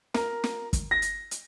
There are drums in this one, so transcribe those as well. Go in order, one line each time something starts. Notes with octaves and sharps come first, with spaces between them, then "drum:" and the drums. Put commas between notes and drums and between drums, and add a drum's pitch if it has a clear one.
A#4, drum: snare
drum: snare
drum: kick, hi-hat
A#6
drum: hi-hat
drum: hi-hat